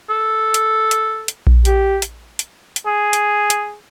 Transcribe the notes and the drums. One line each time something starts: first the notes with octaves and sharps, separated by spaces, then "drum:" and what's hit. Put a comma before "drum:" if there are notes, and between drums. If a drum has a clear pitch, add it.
A4
drum: hi-hat
drum: hi-hat
drum: hi-hat
drum: kick A#1
G4, drum: hi-hat
drum: hi-hat
drum: hi-hat
drum: hi-hat
G#4
drum: hi-hat
drum: hi-hat